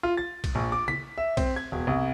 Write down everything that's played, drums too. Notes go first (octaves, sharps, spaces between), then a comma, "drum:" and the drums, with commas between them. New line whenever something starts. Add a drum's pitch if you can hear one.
F4
A6
drum: kick, cymbal
A#1
D6
B6, drum: tom C#3
E5
C4, drum: kick, cymbal
G#6
E1
C2